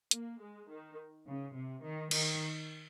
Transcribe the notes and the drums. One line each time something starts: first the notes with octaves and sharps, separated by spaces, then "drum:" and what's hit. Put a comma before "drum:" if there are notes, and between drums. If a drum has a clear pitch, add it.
A#3, drum: hi-hat
G#3
D#3
C#3
C3
D#3
D#3, drum: cymbal